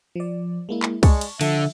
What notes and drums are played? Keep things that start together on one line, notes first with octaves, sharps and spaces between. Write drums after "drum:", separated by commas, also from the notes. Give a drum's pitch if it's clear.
F3 D5
G#3 A#3 E4
drum: clap
G#3 D5 A5 C#6, drum: kick, cymbal
drum: cymbal
D3 F3 E5, drum: cymbal